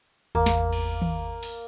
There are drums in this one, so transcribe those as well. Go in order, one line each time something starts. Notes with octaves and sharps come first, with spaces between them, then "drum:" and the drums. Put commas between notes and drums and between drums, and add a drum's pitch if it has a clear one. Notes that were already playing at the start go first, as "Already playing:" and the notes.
G#1 E2 A#3
drum: snare
drum: cymbal
drum: tom D#3
drum: open hi-hat